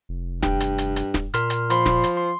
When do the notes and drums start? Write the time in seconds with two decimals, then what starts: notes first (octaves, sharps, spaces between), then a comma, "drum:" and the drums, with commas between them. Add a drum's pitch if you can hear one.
0.09 F1
0.43 G2 G5, drum: snare
0.60 drum: hi-hat
0.78 drum: hi-hat
0.96 drum: hi-hat
1.14 drum: snare
1.34 A#2 A#4 C6 F6, drum: hi-hat
1.50 drum: hi-hat
1.70 F3 B5 C6, drum: hi-hat
1.86 drum: snare
2.04 drum: hi-hat
2.17 C6